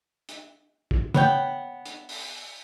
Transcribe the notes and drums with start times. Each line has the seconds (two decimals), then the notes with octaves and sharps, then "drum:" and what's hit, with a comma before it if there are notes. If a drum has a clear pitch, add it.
0.29 drum: hi-hat
0.91 drum: kick
1.14 B3 C#5 G5, drum: tom
1.85 drum: hi-hat
2.09 drum: open hi-hat